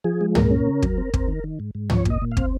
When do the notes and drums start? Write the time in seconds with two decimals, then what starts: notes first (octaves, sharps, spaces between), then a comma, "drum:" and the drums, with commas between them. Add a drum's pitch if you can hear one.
0.04 F3 G#4
0.21 G#3
0.35 A#2 A#4, drum: tom
0.51 C#4
0.67 C#3
0.82 F#3, drum: kick
0.98 C4
1.14 C4, drum: kick
1.28 D#3
1.44 D#3
1.60 G#2
1.75 G#2
1.90 F3 C#5, drum: tom
2.05 A#2 D#5, drum: kick
2.22 A#2
2.32 F5
2.37 C4, drum: kick